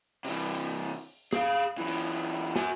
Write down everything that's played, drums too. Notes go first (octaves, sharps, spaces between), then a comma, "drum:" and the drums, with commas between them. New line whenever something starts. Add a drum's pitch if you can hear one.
C3 E3, drum: open hi-hat
G#4 F5, drum: snare
F#2 E3
drum: open hi-hat
F#4 G#5, drum: snare